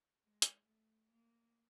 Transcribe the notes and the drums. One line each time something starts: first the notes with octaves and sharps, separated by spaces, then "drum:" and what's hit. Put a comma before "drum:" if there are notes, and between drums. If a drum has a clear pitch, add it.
G#3
drum: hi-hat
A3
A#3